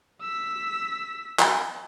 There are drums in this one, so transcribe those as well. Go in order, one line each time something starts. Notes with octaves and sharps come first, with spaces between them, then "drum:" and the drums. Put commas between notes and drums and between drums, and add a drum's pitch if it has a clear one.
E6 B6
drum: clap